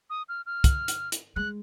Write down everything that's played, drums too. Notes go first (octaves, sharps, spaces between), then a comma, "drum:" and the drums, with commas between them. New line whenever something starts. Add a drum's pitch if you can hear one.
D#6
F6
F6
drum: kick, hi-hat
drum: hi-hat
drum: hi-hat
G#3 F#6